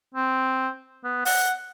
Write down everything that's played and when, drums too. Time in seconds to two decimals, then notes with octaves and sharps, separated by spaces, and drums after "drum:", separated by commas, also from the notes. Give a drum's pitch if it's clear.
0.14 C4
1.04 B3
1.25 F#5, drum: open hi-hat